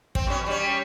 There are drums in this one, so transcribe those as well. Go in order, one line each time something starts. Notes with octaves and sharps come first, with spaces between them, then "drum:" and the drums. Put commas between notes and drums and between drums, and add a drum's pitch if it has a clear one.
C4, drum: kick
B2 C#4
G3 C#4